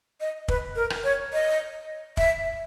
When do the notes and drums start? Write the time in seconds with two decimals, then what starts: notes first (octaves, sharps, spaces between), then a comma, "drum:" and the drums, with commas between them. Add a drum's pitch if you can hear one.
0.20 D#5
0.48 B4, drum: kick
0.76 A#4
0.90 drum: rim click
1.04 C#5
1.33 D#5
2.17 E5, drum: kick